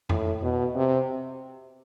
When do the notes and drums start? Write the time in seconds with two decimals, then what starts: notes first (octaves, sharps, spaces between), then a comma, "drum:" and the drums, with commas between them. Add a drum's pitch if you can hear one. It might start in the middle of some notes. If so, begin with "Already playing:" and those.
0.09 A2, drum: tom F2
0.42 B2
0.76 C3